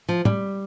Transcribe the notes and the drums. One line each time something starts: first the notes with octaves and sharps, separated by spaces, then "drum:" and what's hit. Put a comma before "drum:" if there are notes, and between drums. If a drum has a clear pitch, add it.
F3
G3, drum: tom